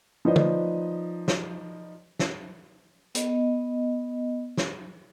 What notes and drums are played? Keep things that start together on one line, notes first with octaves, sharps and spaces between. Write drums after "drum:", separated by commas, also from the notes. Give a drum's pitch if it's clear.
F3 D#4 B4 C5 D5 D#5
drum: tom
drum: snare
drum: snare
B3 D#5, drum: hi-hat
drum: snare